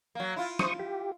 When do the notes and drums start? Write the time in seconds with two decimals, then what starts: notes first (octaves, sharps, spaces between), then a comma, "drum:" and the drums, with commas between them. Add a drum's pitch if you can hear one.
0.15 F#3 A#3
0.36 E4 F4
0.59 C5 C#6 D#6, drum: snare
0.79 G4